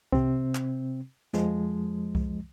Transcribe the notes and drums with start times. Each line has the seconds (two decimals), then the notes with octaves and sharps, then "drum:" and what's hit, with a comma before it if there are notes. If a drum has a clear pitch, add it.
0.12 C3 C4, drum: kick C2
0.55 drum: clap
1.33 F2 F3 G#3, drum: snare
2.15 drum: kick C2